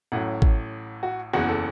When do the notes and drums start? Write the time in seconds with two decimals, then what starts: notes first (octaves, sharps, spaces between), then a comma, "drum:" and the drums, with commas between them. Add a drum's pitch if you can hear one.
0.12 A1 A2 F#3 F#5
0.42 drum: kick G#1
1.03 F#4
1.33 F#1 E2 E3 F#4
1.49 A4